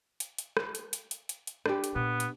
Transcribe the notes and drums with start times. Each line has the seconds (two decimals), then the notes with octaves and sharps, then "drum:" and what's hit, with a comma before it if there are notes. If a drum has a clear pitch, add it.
0.20 drum: hi-hat
0.38 drum: hi-hat
0.57 drum: rim click
0.75 drum: hi-hat
0.93 drum: hi-hat
1.11 drum: hi-hat
1.29 drum: hi-hat
1.47 drum: hi-hat
1.66 D4 G4, drum: rim click
1.84 drum: hi-hat
1.95 A#2 B3
2.20 drum: hi-hat